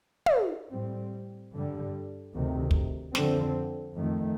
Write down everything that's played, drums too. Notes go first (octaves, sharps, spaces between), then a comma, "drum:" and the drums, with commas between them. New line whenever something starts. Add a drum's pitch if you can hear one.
drum: tom
A2 G3 C4
G2 D3 G3
D2 C3 D#3
drum: kick
F2 D3 F3 C4, drum: snare
F2 D#3 A3